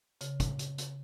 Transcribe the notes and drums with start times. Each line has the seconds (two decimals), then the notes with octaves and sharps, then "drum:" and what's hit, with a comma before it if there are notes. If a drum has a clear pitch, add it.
0.21 C#3, drum: hi-hat
0.40 drum: kick, hi-hat
0.59 drum: hi-hat
0.78 drum: hi-hat